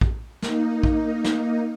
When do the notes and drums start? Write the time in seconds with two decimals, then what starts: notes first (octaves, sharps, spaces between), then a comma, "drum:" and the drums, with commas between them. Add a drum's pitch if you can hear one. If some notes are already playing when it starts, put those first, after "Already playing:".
0.01 drum: kick
0.42 A#3 D#4, drum: snare
0.83 drum: kick
1.24 drum: snare